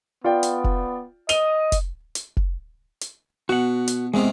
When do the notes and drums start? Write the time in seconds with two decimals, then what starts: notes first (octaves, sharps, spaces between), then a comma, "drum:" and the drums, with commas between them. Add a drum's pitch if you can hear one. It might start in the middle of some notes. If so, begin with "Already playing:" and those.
0.24 B3 F4 D5 G5
0.43 drum: hi-hat
0.64 drum: kick F1
1.29 D#5 D#7 F7 G7, drum: hi-hat
1.72 drum: kick F1, hi-hat
2.15 drum: hi-hat
2.37 drum: kick F1
3.01 drum: hi-hat
3.49 B2 F#4 F#5
3.87 drum: hi-hat
4.14 E2 C3 D#3 G#3